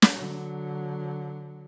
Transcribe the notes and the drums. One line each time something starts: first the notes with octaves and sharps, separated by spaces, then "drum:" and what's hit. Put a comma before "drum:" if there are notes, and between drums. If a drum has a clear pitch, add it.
drum: snare
D3 F#3